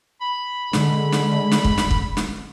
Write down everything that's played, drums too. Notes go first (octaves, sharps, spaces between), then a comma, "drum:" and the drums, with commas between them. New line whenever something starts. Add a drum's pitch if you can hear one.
B5
D3 G#3, drum: snare
drum: snare
drum: snare
drum: kick
drum: snare
drum: kick
drum: snare